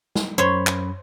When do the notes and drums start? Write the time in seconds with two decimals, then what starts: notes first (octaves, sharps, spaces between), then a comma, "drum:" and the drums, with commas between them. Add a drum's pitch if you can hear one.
0.15 drum: snare
0.38 F#2 C5 C#5 B5
0.67 drum: clap